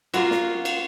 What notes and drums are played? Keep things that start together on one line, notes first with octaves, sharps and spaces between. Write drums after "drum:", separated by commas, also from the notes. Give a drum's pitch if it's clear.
A#3 F4 F#4, drum: cymbal
drum: snare
drum: cymbal